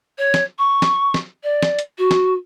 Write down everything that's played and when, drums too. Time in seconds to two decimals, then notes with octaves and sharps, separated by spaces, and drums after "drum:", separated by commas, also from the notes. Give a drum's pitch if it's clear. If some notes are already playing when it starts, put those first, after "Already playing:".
0.18 C#5
0.34 drum: snare
0.58 C#6
0.82 drum: snare
1.14 drum: snare
1.43 D5
1.63 drum: snare
1.79 drum: hi-hat
1.98 F#4
2.11 drum: snare